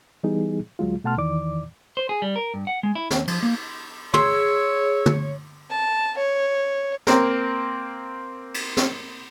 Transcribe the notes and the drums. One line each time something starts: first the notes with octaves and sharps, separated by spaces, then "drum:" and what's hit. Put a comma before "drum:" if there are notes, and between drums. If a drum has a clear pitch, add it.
E3 G3 B3 D#4 G#4
D2 F#3 G#3 F4
B2 A3 F#5 A5 C6 F6
E2 D#3 E3 D5 D6
C5
G#4
G3
A#4
G2
F#5
G#3
E4
D#2, drum: snare
F3, drum: cymbal
A#3
G#4 C#5 C6 E6, drum: tom
drum: tom
A5
C#5
A#3 C4 A#4, drum: snare
drum: cymbal
drum: snare